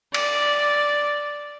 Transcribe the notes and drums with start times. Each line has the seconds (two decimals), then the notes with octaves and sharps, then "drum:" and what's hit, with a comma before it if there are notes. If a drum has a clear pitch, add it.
0.14 D5, drum: cymbal